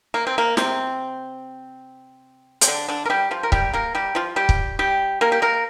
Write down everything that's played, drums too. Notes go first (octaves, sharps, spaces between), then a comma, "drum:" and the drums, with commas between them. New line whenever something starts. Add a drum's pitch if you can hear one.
A#3
C4
A#3
C3 C4, drum: snare
C4, drum: hi-hat
D3 D4
D3 D4
A#4
G3 G4
F3 F4
A#4
G3 G4, drum: kick
A#3 A#4
G3 G4
F3 F4
G3 G4
drum: kick
G3 G4
A#3 A#4
G4
A#3 A#4